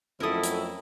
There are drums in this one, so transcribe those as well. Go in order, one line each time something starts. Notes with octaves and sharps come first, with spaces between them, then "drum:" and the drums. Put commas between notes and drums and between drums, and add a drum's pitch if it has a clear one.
F2 F#3 A3 C#4 E4 A4 A#4 D#6
drum: hi-hat